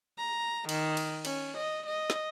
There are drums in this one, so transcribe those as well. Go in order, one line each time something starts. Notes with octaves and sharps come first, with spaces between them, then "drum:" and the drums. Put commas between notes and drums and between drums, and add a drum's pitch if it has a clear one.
A#5
D#3, drum: cymbal
drum: cymbal
C#4, drum: cymbal
D#5
D#5
drum: snare